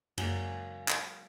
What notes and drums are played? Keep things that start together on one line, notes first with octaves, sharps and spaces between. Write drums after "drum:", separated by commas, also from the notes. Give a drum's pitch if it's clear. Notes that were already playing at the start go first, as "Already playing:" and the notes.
F#2 C#3 F#3 G#3 A#3 G#4, drum: cymbal
drum: clap